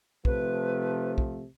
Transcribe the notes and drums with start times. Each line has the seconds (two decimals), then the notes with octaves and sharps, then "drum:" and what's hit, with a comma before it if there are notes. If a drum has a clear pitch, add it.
0.25 C3 F3 A3 B4, drum: kick
1.18 drum: kick